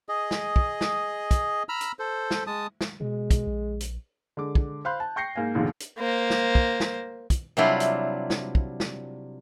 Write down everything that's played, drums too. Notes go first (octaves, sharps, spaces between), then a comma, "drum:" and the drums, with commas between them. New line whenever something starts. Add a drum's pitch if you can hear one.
G#4 D#5
drum: snare
drum: kick
drum: snare
drum: kick, hi-hat
A#5 B5 E6 F6
drum: hi-hat
A4 C5
drum: snare
G#3 A5 D#6
drum: snare
B2 G#3
drum: kick, hi-hat
A#1
drum: hi-hat
D3 G#3 D6
drum: kick
C5 F5 B5 C6 F#6 G6
A5
G5 C#6 G6 A#6 C7 C#7
G#2 A#3 F5 G#5
A#1 D#2 G#2 B2 D3
drum: hi-hat
A#3 C5
drum: snare
drum: kick
drum: snare
drum: kick, hi-hat
C3 F#3 G3 D4 E4 F4
drum: hi-hat
drum: snare
drum: kick
drum: snare